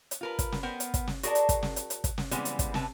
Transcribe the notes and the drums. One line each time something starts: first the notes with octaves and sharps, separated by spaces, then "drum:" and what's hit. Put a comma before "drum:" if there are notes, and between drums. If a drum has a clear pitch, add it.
drum: hi-hat
F4 A#4 B4
drum: kick, hi-hat
drum: snare
B3 A#4 C5 G5
drum: hi-hat
drum: kick, hi-hat
drum: snare
F#4 G#4 A#4 D5 A5, drum: hi-hat
drum: hi-hat
drum: kick, hi-hat
drum: snare
drum: hi-hat
drum: hi-hat
drum: kick, hi-hat
drum: snare
C#3 E3 G3 G#3 B3 C4, drum: hi-hat
drum: hi-hat
drum: kick, hi-hat
C3 B4 A5, drum: snare